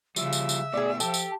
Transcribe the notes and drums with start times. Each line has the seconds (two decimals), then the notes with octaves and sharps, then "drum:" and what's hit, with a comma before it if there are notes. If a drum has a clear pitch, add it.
0.16 C#3 F3 G3 E5, drum: tambourine
0.33 drum: tambourine
0.49 drum: tambourine
0.73 B2 A3 G#4 D5
1.00 F3 G4 A4, drum: tambourine
1.14 drum: tambourine